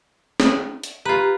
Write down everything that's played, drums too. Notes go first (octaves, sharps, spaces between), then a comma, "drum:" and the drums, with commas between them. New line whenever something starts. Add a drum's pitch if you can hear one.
drum: snare
drum: hi-hat
F4 G4 B4 A#5